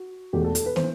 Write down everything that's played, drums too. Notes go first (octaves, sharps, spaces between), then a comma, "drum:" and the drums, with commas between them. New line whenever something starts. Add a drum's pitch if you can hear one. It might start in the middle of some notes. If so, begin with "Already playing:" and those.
Already playing: F#4
E1 E2 B2 A3 G4
A4
A4, drum: hi-hat
B4
E3 B3 C5, drum: snare